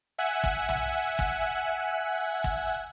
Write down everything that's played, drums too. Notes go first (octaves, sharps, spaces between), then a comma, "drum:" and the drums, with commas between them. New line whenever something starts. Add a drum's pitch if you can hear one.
E5 F#5 G#5 F#6
drum: kick
drum: tom B1
drum: kick
drum: kick